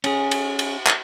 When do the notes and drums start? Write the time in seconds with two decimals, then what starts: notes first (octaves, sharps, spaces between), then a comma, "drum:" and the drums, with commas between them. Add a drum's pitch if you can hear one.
0.04 C#4 G#4, drum: cymbal
0.31 drum: cymbal
0.59 drum: cymbal
0.86 drum: clap